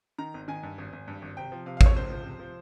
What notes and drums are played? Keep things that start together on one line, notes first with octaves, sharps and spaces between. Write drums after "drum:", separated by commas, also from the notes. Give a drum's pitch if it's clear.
D#3 A#5
G#1
D#3 G#5
G2
G#1
G#1
G2
G#1
C3 G5
F3
C3 F5
F5
F3, drum: kick A1
C#5
C#2 C5
F3
C3
F3